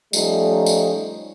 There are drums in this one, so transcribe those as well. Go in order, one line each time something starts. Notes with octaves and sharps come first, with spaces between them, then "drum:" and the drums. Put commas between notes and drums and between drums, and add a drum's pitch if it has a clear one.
F3 G3 A3 C#4 D#4, drum: tambourine
drum: tambourine